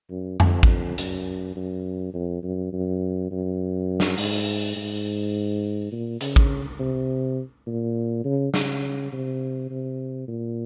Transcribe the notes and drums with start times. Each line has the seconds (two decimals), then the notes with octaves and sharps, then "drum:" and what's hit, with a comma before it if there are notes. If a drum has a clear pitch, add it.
0.11 F#2
0.40 F2, drum: tom F2
0.63 drum: kick
0.98 F#2, drum: hi-hat
1.56 F#2
2.14 F2
2.43 F#2
2.73 F#2
3.31 F#2
4.00 drum: snare
4.18 G#2, drum: open hi-hat
4.76 G#2
5.92 A#2
6.21 C#3, drum: hi-hat
6.36 drum: kick
6.80 C3
7.67 A#2
8.25 C#3
8.54 C#3, drum: snare
9.12 C3
9.70 C3
10.28 A#2